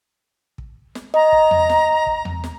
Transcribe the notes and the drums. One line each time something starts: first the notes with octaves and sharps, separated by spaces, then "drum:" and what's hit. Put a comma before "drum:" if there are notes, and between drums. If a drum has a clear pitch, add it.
drum: kick
drum: snare
D#5 A#5
drum: kick
drum: tom E2
drum: snare
drum: kick
drum: tom E2
drum: snare